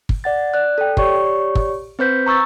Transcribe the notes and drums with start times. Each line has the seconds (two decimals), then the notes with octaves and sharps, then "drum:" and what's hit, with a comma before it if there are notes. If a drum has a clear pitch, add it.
0.09 drum: kick
0.24 D5 F#5 A6
0.54 D5 F#6
0.78 A4 G5
0.97 G4 C#5 D5 C#6, drum: kick
1.55 drum: kick
1.99 C4 B4 C5 G6 B6
2.26 A#5 C#6 E6 A6